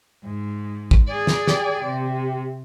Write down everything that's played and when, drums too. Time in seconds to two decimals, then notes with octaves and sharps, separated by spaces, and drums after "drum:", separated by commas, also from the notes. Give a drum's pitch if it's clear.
0.24 G#2
0.91 drum: kick
1.07 G#4 D5
1.27 drum: snare
1.47 G4, drum: snare
1.85 C3